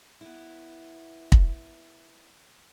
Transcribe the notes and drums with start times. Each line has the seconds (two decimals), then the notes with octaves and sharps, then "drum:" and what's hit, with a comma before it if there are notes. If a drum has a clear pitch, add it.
0.21 B3 E4
1.32 drum: kick